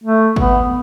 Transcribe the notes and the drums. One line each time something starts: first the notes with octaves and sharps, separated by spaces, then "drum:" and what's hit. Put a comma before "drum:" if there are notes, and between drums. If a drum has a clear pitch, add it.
A3
B3, drum: kick G#1